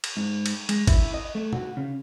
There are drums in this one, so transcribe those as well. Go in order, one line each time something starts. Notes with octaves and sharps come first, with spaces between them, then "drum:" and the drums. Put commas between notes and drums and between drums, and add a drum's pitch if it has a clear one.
drum: cymbal
G#2
drum: cymbal
G#3, drum: cymbal
E4, drum: kick, cymbal
D#5
A3
F#4, drum: tom
C#3